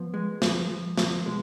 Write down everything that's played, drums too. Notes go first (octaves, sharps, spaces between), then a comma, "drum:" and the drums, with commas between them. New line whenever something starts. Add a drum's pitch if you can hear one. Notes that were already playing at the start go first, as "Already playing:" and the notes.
Already playing: F3 B3
G#3
F3, drum: snare
F3
F3, drum: snare
B2 G#3